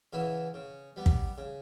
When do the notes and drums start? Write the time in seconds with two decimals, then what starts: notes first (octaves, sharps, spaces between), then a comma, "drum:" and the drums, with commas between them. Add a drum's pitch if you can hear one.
0.13 C#3 E3 B3 E4
0.54 C#3
0.96 G3 B3
1.06 drum: kick
1.38 C#3